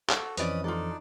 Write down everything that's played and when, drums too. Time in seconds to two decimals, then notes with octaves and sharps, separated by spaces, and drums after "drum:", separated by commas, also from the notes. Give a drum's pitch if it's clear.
0.09 F#4 A4, drum: clap
0.37 F2 E3 F3 C#4 B4 D5 D#5 D#6, drum: hi-hat
0.64 D4 D#4 F4 A4 D5